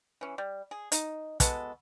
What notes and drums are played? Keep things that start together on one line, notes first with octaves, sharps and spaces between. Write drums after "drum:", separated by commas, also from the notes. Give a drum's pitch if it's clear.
E3 C#4
G3
G#4
D#4, drum: hi-hat
G#3 B3 F#4 A4, drum: kick, hi-hat